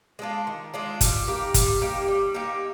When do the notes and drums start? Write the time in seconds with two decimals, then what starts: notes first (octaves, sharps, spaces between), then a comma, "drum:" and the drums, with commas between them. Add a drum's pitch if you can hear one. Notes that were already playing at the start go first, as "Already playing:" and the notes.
0.19 G#3 D4 F4
0.47 D#3
0.74 G#3 D4 F4
1.01 G3, drum: kick, hi-hat
1.27 A#3 D#4 G4
1.54 G3, drum: kick, hi-hat
1.81 A#3 D#4 G4
2.08 G3
2.34 A#3 D#4 G4